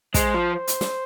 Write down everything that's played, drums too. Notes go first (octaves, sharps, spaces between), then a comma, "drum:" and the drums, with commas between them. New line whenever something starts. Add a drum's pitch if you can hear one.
G#3 C5, drum: kick, hi-hat
F3
C5
drum: hi-hat
drum: snare